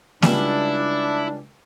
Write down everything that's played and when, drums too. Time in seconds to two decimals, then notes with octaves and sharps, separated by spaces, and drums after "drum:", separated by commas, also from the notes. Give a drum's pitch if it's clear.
0.22 C#2 C#3 G3 D4 E4, drum: snare A#3